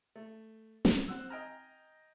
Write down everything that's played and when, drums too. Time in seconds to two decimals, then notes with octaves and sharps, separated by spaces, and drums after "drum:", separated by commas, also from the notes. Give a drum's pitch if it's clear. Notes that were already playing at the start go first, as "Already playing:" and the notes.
0.16 A3
0.85 drum: snare
1.08 C4 F#5 E6
1.29 D#5 G5 G#5 A#5 F6